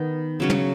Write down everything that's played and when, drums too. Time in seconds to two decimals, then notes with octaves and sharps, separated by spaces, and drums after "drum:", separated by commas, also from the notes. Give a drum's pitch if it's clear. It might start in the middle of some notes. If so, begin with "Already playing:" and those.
Already playing: D#3 B3
0.40 C#3 F#3 C#4
0.50 drum: tom